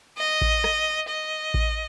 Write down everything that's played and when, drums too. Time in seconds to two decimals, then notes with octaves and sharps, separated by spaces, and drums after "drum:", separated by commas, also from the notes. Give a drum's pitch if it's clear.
0.18 D#5
0.41 drum: kick A1
0.64 drum: rim click
1.09 D#5
1.54 drum: kick A1